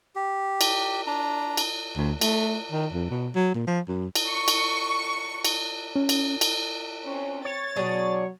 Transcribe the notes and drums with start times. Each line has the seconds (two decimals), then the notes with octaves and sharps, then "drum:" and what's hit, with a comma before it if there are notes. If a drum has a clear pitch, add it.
0.16 G4
0.61 drum: cymbal
1.07 D4 A#5
1.57 drum: cymbal
1.97 D2
2.21 A3, drum: cymbal
2.72 D#3
2.92 F2
3.10 B2
3.35 F#3
3.54 A#2
3.67 F3
3.88 F#2
4.15 drum: cymbal
4.29 C#6
4.48 drum: cymbal
5.45 drum: cymbal
5.96 C#4
6.09 drum: cymbal
6.41 drum: cymbal
7.05 C4 C#4
7.45 C#5 A6
7.76 B2 F#3 D4 G#4